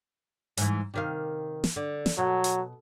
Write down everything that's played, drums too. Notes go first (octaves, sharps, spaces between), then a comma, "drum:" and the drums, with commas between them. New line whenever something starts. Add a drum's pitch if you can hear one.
G#2 E3, drum: hi-hat
C3 D#3 F5
drum: snare
D3
drum: snare
B2 F#3
drum: hi-hat